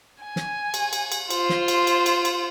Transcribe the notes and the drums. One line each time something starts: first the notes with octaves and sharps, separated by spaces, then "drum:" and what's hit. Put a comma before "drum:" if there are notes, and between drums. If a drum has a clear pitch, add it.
G#5
drum: snare
drum: cymbal
drum: cymbal
drum: cymbal
F4 C5, drum: cymbal
drum: snare
drum: cymbal
drum: cymbal
drum: cymbal
drum: cymbal